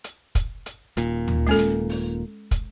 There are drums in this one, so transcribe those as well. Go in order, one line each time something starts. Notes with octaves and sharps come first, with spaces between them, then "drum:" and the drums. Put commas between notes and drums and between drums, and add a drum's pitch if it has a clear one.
drum: hi-hat
drum: kick, hi-hat
drum: hi-hat
D#1 A#2, drum: hi-hat
drum: tom D2
G#3 C#4 A4
drum: hi-hat
drum: open hi-hat
drum: kick, hi-hat